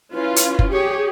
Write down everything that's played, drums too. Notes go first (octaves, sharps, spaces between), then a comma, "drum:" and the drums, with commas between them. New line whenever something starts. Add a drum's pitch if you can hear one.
C#4 E4 F4 B4
drum: hi-hat
drum: kick F#1
G4 G#4 C#5